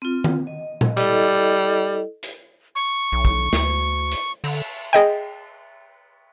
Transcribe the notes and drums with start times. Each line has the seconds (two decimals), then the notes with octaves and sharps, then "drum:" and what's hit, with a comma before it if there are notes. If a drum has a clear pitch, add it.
0.02 C4 F4
0.24 drum: tom D#3
0.47 D#5
0.81 drum: tom A#2
0.97 G3 E4 A4 D#5, drum: hi-hat
2.23 drum: hi-hat
2.75 C#6
3.12 B1
3.25 drum: kick
3.53 D2, drum: snare
4.12 drum: hi-hat
4.44 D3, drum: cymbal
4.93 G#4 D#5 G5